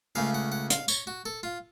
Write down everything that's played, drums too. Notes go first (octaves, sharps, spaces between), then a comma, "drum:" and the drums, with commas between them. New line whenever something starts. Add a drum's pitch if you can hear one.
C#2 C#3 A3 F5
F#5
F#5
F5, drum: hi-hat
C#5, drum: tambourine
F#4
A4
F4